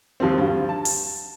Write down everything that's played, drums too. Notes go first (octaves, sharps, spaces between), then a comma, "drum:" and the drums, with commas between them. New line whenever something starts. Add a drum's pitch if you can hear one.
D#2 F3 G3 C4
G2 D3 G3
A5
drum: open hi-hat